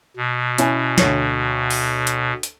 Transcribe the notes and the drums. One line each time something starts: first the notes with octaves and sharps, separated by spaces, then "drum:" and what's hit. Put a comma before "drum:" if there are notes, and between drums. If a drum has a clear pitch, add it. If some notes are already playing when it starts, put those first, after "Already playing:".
B2
C#4 E4 G#5, drum: hi-hat
D2 C#5 F#7, drum: snare
drum: open hi-hat
drum: hi-hat
drum: hi-hat